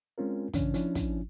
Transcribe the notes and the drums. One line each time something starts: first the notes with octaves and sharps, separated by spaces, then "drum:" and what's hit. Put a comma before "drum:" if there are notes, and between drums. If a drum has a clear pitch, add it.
G#3 C4 C#4 F4 A#4
G2 C#3 E3 C#4 D4, drum: kick, hi-hat
F3 C#4 D4 E4, drum: hi-hat
drum: kick, hi-hat